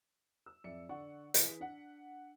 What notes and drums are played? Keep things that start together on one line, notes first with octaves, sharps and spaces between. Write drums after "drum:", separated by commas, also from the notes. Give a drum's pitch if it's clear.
E6
F2 D5 E5 C#7
D3 D5 F#5 C#6
E3 G#4 B4 B6, drum: hi-hat
D4 F#5